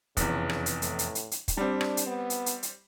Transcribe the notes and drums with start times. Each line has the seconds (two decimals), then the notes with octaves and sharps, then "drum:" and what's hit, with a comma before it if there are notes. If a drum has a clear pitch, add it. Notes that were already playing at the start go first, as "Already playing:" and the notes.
0.17 F1 E2 C#3, drum: kick, hi-hat
0.50 drum: rim click
0.66 drum: hi-hat
0.82 A2, drum: hi-hat
0.99 drum: hi-hat
1.15 drum: hi-hat
1.31 drum: hi-hat
1.48 drum: kick, hi-hat
1.57 G3 C4 D4
1.81 drum: rim click
1.97 drum: hi-hat
2.07 B3
2.30 drum: hi-hat
2.46 drum: hi-hat
2.63 drum: hi-hat